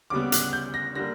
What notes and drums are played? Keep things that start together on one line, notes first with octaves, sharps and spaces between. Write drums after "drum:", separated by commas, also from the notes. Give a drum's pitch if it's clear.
D2 C#3 G3 B3 D6
F#6, drum: hi-hat
G6
A#6
D3 G3 A#3 A#6